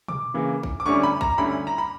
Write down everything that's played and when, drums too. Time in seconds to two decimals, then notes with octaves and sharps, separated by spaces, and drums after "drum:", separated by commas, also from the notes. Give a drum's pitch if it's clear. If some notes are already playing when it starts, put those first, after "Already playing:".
0.08 D6, drum: tom
0.34 C#3 E3 A#3
0.63 drum: kick
0.80 D6
0.86 D2 D3 G3 C#4 E4 C#6
1.03 B5
1.21 A#5, drum: kick
1.38 D2 D3 G3 C#4 E4 B5
1.67 A#5
1.78 B5